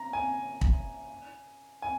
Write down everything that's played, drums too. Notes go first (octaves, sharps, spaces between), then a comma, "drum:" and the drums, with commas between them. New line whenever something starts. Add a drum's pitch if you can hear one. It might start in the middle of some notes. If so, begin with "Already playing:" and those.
Already playing: A#5
G#5
drum: kick
G#5